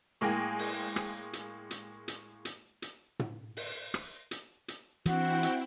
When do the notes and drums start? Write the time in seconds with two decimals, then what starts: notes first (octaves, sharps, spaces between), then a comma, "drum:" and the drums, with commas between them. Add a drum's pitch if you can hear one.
0.21 A2 G#3 A#3 G5 G#5 A#6
0.59 drum: open hi-hat
0.96 drum: rim click
1.33 drum: hi-hat
1.71 drum: hi-hat
2.08 drum: hi-hat
2.45 drum: hi-hat
2.82 drum: hi-hat
3.19 drum: tom
3.57 drum: open hi-hat
3.94 drum: rim click
4.31 drum: hi-hat
4.68 drum: hi-hat
5.06 E3 C4 D4 E4 F#4 G5, drum: hi-hat
5.43 drum: hi-hat